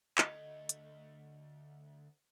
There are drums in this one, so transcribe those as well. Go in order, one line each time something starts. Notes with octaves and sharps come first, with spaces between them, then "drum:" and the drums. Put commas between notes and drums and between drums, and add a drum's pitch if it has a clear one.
D2 A3 D#5, drum: clap
drum: hi-hat